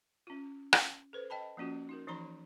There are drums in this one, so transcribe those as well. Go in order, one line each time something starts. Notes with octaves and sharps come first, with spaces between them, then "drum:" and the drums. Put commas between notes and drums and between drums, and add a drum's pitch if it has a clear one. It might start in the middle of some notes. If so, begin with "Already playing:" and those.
C#4 F4
drum: rim click
A4 B4 C5
D#5 G5 A5 B5
F3 A#3 C#4 F4 F#4
D#4 F#4 A#4
E3 F3 D#4 C#5 A#5 B5